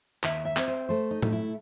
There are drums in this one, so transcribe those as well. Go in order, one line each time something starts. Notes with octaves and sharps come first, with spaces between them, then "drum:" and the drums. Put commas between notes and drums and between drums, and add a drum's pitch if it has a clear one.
D#2 E5, drum: clap
E5
C4, drum: clap
C5
A3 C5
D#4
A3, drum: tom A2
E4